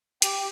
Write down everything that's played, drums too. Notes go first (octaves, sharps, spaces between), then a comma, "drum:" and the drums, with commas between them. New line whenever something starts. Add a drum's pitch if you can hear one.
G4, drum: hi-hat